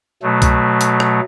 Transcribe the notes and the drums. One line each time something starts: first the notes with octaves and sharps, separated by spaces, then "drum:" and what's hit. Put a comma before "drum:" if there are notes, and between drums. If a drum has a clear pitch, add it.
B2 F#3 A3
drum: kick C2, hi-hat
drum: hi-hat
drum: rim click